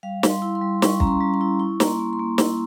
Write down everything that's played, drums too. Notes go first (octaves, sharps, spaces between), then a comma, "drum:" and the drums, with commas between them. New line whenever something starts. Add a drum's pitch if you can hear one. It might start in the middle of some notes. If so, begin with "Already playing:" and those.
G3 F5
G3, drum: snare
C6
E4
C6
G3
G3 C#6, drum: snare
C#4 A#5, drum: kick
C6
G3
C6
E4
E4 C#6
A#3 A#5, drum: snare
C6
A#3
C6
A#3
E4, drum: snare